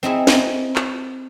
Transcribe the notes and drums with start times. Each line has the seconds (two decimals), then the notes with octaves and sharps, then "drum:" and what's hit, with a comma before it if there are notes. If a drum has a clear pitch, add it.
0.03 C4 D#4 E4 G#4
0.27 drum: snare
0.76 drum: clap